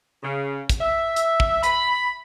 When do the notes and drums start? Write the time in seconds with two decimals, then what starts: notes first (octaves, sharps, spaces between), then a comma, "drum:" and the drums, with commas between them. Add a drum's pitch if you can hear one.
0.23 C#3
0.69 drum: kick, hi-hat
0.80 E5
1.16 drum: hi-hat
1.40 drum: kick
1.63 B5, drum: hi-hat